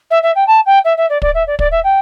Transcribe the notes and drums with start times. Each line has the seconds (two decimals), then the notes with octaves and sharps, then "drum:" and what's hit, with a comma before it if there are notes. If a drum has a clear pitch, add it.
0.10 E5
0.23 E5
0.35 G5
0.47 A5
0.66 G5
0.84 E5
0.97 E5
1.09 D5
1.22 D5, drum: kick
1.34 E5
1.47 D5
1.59 D5, drum: kick
1.71 E5
1.84 G5